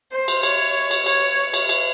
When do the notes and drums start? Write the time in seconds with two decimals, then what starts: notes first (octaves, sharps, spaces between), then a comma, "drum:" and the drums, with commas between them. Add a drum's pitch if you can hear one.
0.12 C5
0.28 drum: cymbal
0.43 C#5, drum: cymbal
0.91 drum: cymbal
1.06 C#5, drum: cymbal
1.54 drum: cymbal
1.69 drum: cymbal